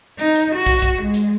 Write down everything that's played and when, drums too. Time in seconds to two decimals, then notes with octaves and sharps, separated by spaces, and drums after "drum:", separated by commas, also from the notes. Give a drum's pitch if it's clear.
0.19 D#4, drum: hi-hat
0.35 drum: hi-hat
0.55 F#4
0.66 drum: kick, open hi-hat
0.82 drum: kick, hi-hat
1.02 G#3
1.14 drum: hi-hat